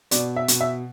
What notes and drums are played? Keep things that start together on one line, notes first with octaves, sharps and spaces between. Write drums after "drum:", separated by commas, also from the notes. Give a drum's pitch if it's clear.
B2 D5, drum: hi-hat
E5
B2, drum: hi-hat
E5